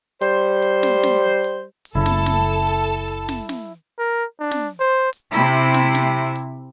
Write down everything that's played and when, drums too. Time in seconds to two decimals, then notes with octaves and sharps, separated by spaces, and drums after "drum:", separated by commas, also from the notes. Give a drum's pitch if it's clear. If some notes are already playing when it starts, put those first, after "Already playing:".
0.21 G3 C5, drum: hi-hat
0.62 drum: open hi-hat
0.83 drum: snare
1.03 drum: snare
1.44 drum: hi-hat
1.85 drum: open hi-hat
1.95 F#1 C#3 E4 A4 A5
2.06 drum: snare
2.26 drum: snare
2.67 drum: hi-hat
3.08 drum: open hi-hat
3.29 drum: snare
3.49 drum: snare
3.99 A#4
4.40 D4
4.51 drum: snare
4.80 C5
5.13 drum: hi-hat
5.32 C3 E4
5.54 drum: open hi-hat
5.74 drum: snare
5.95 drum: snare
6.36 drum: hi-hat